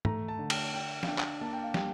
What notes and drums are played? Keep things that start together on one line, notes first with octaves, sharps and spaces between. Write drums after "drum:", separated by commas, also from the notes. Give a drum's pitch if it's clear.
A3 A#5, drum: tom G#2
A5
D3
G5, drum: cymbal
D4 G5
F5, drum: snare
D4 G5
drum: clap
A#3 A5
G5
F5
G3 G5, drum: snare